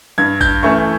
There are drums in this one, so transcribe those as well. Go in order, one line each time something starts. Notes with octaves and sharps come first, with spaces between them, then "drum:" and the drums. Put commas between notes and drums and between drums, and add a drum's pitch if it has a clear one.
G2 G#6
G6, drum: kick G#1, tambourine
E3 A3 C#4 E4 C#6